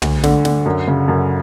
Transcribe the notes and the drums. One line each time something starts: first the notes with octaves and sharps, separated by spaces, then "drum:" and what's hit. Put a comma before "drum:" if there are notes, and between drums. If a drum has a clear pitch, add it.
D2, drum: tom
D3, drum: snare
D3, drum: snare
F#2
C#3
F#2